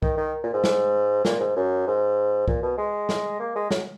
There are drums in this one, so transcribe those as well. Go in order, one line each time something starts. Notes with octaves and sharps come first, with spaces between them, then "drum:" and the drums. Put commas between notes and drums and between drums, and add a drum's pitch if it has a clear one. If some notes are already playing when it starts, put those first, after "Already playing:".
D#3, drum: kick C2
D#3
A#2
G#2
drum: snare
A#2, drum: snare
G#2
F#2
G#2
A#2, drum: kick C2
B2
G#3
drum: snare
A#3
G#3
F#3, drum: snare